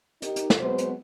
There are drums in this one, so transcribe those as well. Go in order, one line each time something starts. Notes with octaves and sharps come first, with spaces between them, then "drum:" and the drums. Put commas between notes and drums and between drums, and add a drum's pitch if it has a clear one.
D#4 G4 A#4, drum: hi-hat
drum: hi-hat
drum: snare
F#3 G#3 B3 C4 B4 C5
drum: hi-hat